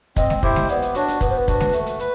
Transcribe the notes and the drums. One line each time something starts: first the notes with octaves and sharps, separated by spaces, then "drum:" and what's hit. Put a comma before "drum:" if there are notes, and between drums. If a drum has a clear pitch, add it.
C4 D#5, drum: kick, hi-hat
drum: snare G#3
E4 G4 C5, drum: kick
drum: snare G#3
B3 D5, drum: hi-hat
drum: hi-hat
D4 F#4 C#5, drum: hi-hat
drum: hi-hat
B3 B4, drum: kick, hi-hat
C5
B4
D4 F#4, drum: kick, hi-hat
drum: snare G#3
A3, drum: hi-hat
drum: hi-hat
B4, drum: hi-hat